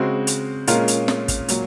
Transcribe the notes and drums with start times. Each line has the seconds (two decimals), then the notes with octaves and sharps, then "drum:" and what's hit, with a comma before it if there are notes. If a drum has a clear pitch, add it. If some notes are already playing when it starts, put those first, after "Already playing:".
Already playing: C#3 G#3 C4 F#4 C5
0.27 drum: hi-hat
0.67 A#2 G#3 C#4 F4 A#4, drum: hi-hat
0.88 drum: hi-hat
1.08 drum: snare
1.28 drum: kick, hi-hat
1.48 A#2 F#3, drum: hi-hat